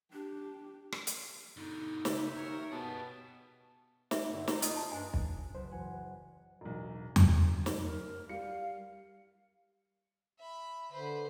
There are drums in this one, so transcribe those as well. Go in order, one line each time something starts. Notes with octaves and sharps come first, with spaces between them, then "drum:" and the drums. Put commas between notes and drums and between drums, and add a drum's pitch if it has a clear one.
D4 G4
drum: rim click
drum: hi-hat
B2 D3 D#4
C#2 E5, drum: snare
D#2 A#4 C#5
B2 B3 G4 G#4 A5
E5, drum: snare
G2 A#2 D3
D#4 F4, drum: snare
D#5 D#6, drum: hi-hat
A5 A#5
G2 D4 G#5
drum: kick
F#1 B4 C5
E3 F#3 F#5 G#5
E1 B1
F#2, drum: tom E2
drum: snare
A#4
G3 F5 C#7
E5 B5
D3 B4 C5